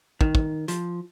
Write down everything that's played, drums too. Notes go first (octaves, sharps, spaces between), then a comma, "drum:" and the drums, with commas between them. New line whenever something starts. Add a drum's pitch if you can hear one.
D#3, drum: kick
drum: kick
F3, drum: hi-hat